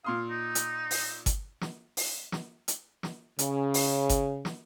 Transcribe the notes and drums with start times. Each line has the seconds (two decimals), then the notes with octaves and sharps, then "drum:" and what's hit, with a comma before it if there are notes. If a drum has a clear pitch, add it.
0.04 A#2 F5 C6 D#6
0.29 D#4
0.55 drum: hi-hat
0.91 drum: open hi-hat
1.26 drum: kick G1, hi-hat
1.61 drum: snare
1.97 drum: open hi-hat
2.32 drum: snare
2.68 drum: hi-hat
3.03 drum: snare
3.39 C#3, drum: hi-hat
3.74 drum: open hi-hat
4.09 drum: kick G1, hi-hat
4.45 drum: snare